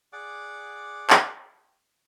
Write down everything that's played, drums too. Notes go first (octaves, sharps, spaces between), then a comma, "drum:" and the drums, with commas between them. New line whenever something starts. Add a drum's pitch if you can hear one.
G#4 D5 F#5 D6
drum: clap